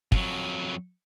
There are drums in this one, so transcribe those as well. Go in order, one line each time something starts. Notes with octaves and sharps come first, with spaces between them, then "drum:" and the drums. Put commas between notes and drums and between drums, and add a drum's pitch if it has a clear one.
F2 F#3, drum: kick